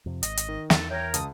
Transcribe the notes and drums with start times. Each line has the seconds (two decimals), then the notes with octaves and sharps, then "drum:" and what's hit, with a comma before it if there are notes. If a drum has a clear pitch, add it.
0.06 F2 C3
0.23 G#1 D#5, drum: hi-hat
0.37 drum: hi-hat
0.49 D#3
0.70 E2 A4, drum: snare
0.90 A#4 C#5 E5 G5
1.14 C#2 A5 D#6, drum: hi-hat